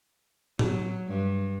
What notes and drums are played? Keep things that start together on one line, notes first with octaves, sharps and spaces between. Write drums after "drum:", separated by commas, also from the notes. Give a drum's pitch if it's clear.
F#3, drum: tom A2
G2